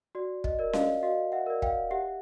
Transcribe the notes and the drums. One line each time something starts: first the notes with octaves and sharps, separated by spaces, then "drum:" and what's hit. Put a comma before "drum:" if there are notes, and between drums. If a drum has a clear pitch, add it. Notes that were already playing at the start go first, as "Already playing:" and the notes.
F#4 D5
D#5, drum: kick
A#4 D5
D#5 F5, drum: snare C#4
F#4 D#5 F5
E5 F#5
A#4 D5
F5 G5, drum: kick
G4 E5 F#5